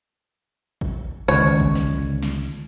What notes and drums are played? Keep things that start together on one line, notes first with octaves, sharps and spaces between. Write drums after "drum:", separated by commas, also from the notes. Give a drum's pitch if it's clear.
drum: kick G#1
C#2 D3 D#3 C#5 C#6
drum: kick G#1
drum: snare
drum: tom C3
drum: snare